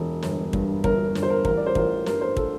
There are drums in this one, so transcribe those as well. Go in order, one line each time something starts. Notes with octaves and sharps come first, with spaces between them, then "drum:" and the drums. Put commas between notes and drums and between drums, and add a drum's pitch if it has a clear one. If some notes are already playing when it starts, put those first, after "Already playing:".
Already playing: E1
G1, drum: snare
G2, drum: kick
G1 A#4, drum: kick
G1, drum: snare
C5
A#4
A1 A#4, drum: kick
D5
C5
A1 A#4, drum: kick
G2 A#4, drum: snare
C5
A4, drum: kick